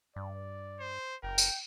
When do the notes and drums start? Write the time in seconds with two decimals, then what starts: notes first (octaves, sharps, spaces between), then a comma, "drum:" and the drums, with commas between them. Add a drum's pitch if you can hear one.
0.16 G2 D5
0.80 C5
1.23 F#1 A#4 G5
1.38 drum: tambourine